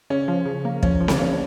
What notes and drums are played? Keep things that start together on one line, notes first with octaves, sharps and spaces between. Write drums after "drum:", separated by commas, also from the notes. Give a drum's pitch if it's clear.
C#3 C#4
F3
C#3
A#3
F3 C#4, drum: kick
F3
D4, drum: snare C4
A#3 C#4